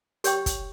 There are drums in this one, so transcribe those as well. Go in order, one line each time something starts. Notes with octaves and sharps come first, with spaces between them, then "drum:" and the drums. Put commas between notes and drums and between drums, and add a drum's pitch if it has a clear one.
G4 C#5 G5 C#6, drum: hi-hat
drum: kick, hi-hat